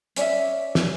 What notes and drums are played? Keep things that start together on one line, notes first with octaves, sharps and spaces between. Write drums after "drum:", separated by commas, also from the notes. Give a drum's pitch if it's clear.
C#4 D5 E5, drum: hi-hat
drum: snare